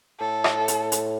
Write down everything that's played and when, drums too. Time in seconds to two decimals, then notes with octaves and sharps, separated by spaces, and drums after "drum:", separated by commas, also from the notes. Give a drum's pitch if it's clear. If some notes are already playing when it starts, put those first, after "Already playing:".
0.20 A2 A4
0.44 drum: rim click
0.68 drum: hi-hat
0.92 drum: hi-hat